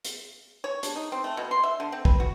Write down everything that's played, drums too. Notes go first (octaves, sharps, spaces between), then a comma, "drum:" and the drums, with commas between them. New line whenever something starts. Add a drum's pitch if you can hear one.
drum: hi-hat
C#5
D4, drum: hi-hat
D#4
C4
A3
B2
C6
E5
D3
C4
B4, drum: kick
F#4